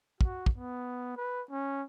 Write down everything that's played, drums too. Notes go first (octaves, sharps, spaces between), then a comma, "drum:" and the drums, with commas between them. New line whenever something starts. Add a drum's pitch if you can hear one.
F#4, drum: kick
drum: kick
B3
B4
C#4